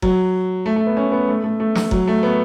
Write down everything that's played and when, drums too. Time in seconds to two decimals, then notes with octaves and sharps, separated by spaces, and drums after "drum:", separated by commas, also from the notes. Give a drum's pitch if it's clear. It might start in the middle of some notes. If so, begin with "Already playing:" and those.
0.02 F#3, drum: kick F#1
0.66 A3
0.76 A3
0.86 B3
0.97 C#4
1.12 B3
1.28 A3
1.44 A3
1.60 A3
1.75 drum: snare
1.91 F#3, drum: kick F#1
2.08 A3
2.23 B3